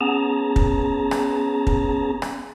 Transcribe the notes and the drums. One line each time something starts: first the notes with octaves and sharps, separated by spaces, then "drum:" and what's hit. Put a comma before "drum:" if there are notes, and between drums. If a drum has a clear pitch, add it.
B3 C#4 G#4 A5 A#5
drum: kick
drum: rim click
drum: kick
drum: rim click